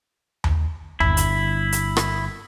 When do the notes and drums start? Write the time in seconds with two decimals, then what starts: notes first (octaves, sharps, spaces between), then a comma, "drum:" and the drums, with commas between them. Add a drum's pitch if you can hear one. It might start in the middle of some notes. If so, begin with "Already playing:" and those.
0.44 drum: tom D#2
1.00 G1 E4, drum: tom D#2
1.17 drum: hi-hat
1.72 drum: hi-hat
1.97 drum: rim click